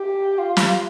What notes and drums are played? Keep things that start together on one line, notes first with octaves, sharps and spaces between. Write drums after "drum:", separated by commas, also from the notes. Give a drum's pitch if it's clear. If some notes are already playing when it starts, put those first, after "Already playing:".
Already playing: G4
F4
drum: snare